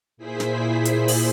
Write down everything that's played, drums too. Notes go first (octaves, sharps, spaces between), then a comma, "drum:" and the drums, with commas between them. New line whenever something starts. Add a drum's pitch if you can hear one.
A#2 E4 G#4 C5 B6
drum: snare
drum: hi-hat
drum: open hi-hat